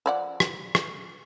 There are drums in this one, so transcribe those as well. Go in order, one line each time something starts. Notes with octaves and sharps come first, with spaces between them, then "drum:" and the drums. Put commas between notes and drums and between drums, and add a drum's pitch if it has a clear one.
F3 D5 F#5
drum: rim click
drum: rim click